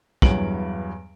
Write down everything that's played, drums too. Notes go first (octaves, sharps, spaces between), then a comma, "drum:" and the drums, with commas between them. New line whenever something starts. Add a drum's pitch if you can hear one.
E2 G2 F#3 D7 F#7, drum: kick